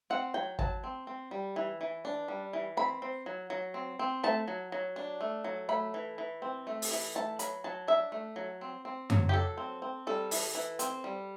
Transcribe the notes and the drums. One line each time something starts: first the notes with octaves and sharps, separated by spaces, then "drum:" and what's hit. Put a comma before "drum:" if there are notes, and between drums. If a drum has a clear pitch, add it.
C4 F#5
F#3 G5
F#3 A5, drum: kick
C4
C4
G3
E3
E3
D4
G3
E3
C4 B5
C4
F#3
F#3
C4
C4
A3 A5
F#3
F#3
D4
A3
F#3
A3 B5
E3
E3
C4
A3
drum: open hi-hat
E3
A3 A5
F#3 B5, drum: hi-hat
F#3 A5
D4 E5
A3
F#3
C4
C4
F#3, drum: tom F#2
G4
F#3 A4
C4
C4
G3 A4
E3, drum: open hi-hat
E3
C4, drum: hi-hat
G3